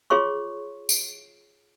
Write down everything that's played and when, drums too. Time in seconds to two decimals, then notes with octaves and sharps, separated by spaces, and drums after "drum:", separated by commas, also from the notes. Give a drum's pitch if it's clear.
0.10 F4 G#4 C#5 C6 C#6
0.89 drum: tambourine